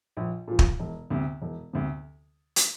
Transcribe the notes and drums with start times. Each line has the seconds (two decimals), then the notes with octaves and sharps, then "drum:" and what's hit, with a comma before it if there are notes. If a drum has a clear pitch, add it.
0.17 A#1
0.48 A#2 F3
0.59 drum: kick
0.80 E1
1.10 D2 C3
1.42 E1
1.73 D2 C3
2.56 drum: hi-hat